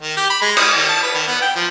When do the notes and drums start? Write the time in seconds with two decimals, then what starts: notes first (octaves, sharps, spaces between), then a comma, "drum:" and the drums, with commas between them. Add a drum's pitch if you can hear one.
0.02 D#3
0.17 G4
0.30 B5
0.42 G#3
0.57 D#6, drum: cymbal
0.76 D#3
0.88 A5
1.03 B4
1.14 D#3
1.27 B3
1.41 G5
1.55 F3